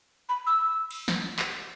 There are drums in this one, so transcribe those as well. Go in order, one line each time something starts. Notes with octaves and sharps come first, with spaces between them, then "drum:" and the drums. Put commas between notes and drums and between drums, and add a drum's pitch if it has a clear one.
B5
E6
drum: cymbal
drum: snare
drum: clap